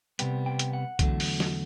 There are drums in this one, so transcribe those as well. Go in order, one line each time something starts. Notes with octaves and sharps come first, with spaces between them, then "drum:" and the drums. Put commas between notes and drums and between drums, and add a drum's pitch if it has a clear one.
C3 G3 B3 G5, drum: hi-hat
G5
drum: hi-hat
F#5
E2 D3 F#3 A3, drum: kick B1, hi-hat
drum: open hi-hat
drum: snare